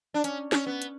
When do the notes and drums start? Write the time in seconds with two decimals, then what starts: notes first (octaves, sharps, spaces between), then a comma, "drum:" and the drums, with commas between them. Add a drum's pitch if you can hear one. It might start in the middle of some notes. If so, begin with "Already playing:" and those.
0.14 D4
0.24 C#4, drum: hi-hat
0.52 C#4, drum: snare
0.67 B3
0.82 drum: hi-hat